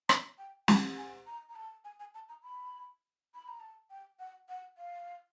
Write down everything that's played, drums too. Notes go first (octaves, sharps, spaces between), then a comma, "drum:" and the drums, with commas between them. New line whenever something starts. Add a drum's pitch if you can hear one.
A#5, drum: rim click
G5
G5, drum: snare
G#5
A#5
A#5
A5
G#5
G#5
A5
A#5
B5
B5
A#5
A5
G5
F#5
F#5
F5